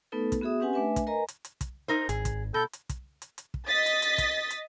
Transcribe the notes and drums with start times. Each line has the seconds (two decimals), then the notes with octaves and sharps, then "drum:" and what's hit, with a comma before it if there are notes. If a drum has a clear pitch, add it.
0.12 A3 B3 D#4 A4 B4
0.32 drum: kick, hi-hat
0.41 B3 F#4 G#4 E5 D#6
0.60 C4 C#4 G4 B4 F#5 G#5
0.73 A3 D4 B4 E5 G#5
0.96 drum: kick, hi-hat
1.07 A#4 B4 D#5 G#5 A#5
1.28 drum: hi-hat
1.45 drum: hi-hat
1.61 drum: kick, hi-hat
1.88 D#4 A#4 C5
2.09 G#1 G#4, drum: hi-hat
2.25 drum: kick, hi-hat
2.54 B2 A4 G6
2.73 drum: hi-hat
2.89 drum: kick, hi-hat
3.22 drum: hi-hat
3.38 drum: hi-hat
3.54 drum: kick
3.68 D#5 A6 B6
3.86 drum: hi-hat
4.02 drum: hi-hat
4.18 drum: kick, hi-hat
4.50 drum: hi-hat